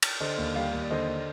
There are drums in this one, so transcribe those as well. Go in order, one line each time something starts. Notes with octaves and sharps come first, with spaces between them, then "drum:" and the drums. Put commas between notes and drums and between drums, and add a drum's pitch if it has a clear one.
drum: cymbal
D3 C5 D#5
D#2
G3 D5 F5
D#2
D5
D3 C5 D#5
D3